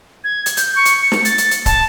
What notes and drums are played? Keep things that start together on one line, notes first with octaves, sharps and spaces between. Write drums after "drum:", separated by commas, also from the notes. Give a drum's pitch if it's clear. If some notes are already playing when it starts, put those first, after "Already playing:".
G#6
drum: hi-hat
G6, drum: hi-hat
C#6
drum: hi-hat
C#7
drum: snare
A6, drum: hi-hat
drum: hi-hat
drum: hi-hat
A5, drum: kick C#1, hi-hat